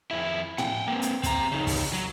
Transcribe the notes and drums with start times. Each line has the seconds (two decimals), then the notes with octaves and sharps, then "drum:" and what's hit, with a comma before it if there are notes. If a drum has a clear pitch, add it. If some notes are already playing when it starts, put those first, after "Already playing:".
0.11 F2 E4
0.58 F#5 G5, drum: tom A2
0.88 A#3 C4
1.02 drum: hi-hat
1.23 C4 A#5, drum: kick, hi-hat
1.52 C#3 D#4
1.67 drum: kick, open hi-hat
1.93 F#3